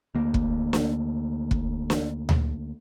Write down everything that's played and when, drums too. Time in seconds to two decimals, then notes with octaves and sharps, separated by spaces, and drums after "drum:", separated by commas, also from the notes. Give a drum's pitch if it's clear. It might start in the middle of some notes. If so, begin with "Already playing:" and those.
0.15 D2 A#3
0.34 drum: kick
0.73 drum: snare
1.51 drum: kick
1.90 drum: snare
2.29 drum: tom D2